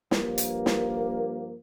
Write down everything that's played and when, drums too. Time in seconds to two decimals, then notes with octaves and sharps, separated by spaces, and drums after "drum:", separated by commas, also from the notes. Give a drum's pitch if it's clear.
0.11 G2 F3 A#3, drum: snare
0.38 drum: hi-hat
0.66 drum: snare